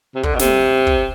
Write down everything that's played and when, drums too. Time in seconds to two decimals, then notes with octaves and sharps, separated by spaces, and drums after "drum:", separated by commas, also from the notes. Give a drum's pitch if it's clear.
0.15 C3
0.23 D3, drum: kick
0.35 B2
0.39 C3, drum: snare
0.87 drum: kick